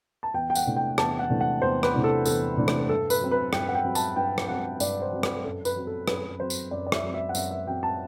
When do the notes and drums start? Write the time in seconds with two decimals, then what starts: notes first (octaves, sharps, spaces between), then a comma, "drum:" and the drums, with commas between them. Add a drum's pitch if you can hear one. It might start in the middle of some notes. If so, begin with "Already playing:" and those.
0.23 A5
0.34 E2 G5
0.50 G5
0.55 F#5, drum: tambourine
0.66 C3 E3 A3 D4
0.77 G5
0.98 E2 A5, drum: rim click
1.19 F#5
1.30 C3 E3 A3 D4
1.41 F#5
1.62 E2 C5
1.83 B4, drum: rim click
1.94 C3 E3 A3 D4
2.04 A4
2.26 E2 A4, drum: tambourine
2.57 C3 E3 A3 D4
2.68 drum: rim click
2.89 G2 A4
3.10 B4, drum: tambourine
3.21 F#3 C4
3.31 B4
3.53 G2 G5, drum: rim click
3.69 F#5
3.75 G5
3.85 F#3 C4
3.95 A5, drum: tambourine
4.16 G2 G5
4.38 drum: rim click
4.48 F#3 C4 F#5
4.80 G2 D5, drum: tambourine
5.02 C5
5.12 F#3 C4
5.23 B4, drum: rim click
5.44 F#2 A4
5.65 B4, drum: tambourine
5.76 F#3 C4
5.87 A4
6.08 F#2 B4, drum: rim click
6.40 F#3 C4 C5
6.50 drum: tambourine
6.71 F#2 D5
6.87 D5
6.92 E5, drum: rim click
7.03 F#3 C4
7.14 E5
7.29 F#5
7.35 F#2 E5, drum: tambourine
7.51 E5
7.67 F#3 C4 G5
7.83 A5